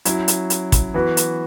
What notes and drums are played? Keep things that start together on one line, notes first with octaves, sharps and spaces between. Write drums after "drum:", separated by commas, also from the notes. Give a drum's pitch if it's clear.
F#3 C#4 E4, drum: hi-hat
drum: hi-hat
drum: hi-hat
drum: kick, hi-hat
E3 B3 F#4 B4
drum: hi-hat